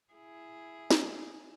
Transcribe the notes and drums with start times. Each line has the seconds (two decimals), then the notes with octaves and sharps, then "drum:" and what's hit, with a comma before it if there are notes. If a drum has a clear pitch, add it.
0.13 E4 G#4
0.91 drum: snare